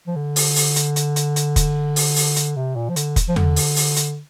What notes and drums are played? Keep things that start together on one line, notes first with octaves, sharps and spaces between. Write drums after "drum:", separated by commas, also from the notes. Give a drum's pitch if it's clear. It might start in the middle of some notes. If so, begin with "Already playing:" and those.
F3
D3
drum: open hi-hat
drum: open hi-hat
drum: hi-hat
drum: hi-hat
drum: hi-hat
drum: hi-hat
drum: kick F1, hi-hat
drum: open hi-hat
drum: open hi-hat
drum: hi-hat
C3
A#2
F3
D3, drum: hi-hat
drum: kick F1, hi-hat
F3
D3, drum: tom E2
drum: open hi-hat
drum: open hi-hat
drum: hi-hat